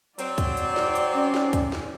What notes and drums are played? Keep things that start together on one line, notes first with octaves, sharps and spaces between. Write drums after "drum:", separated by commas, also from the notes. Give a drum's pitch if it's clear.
F#3 C4 D5, drum: hi-hat
drum: kick, hi-hat
drum: hi-hat
drum: snare
drum: hi-hat
C#4
drum: snare
drum: kick, hi-hat
drum: snare